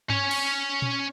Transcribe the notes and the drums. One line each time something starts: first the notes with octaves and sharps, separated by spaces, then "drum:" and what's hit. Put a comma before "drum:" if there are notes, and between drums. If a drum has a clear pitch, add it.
C#4 C#5, drum: tom G2
drum: cymbal
drum: tom A#2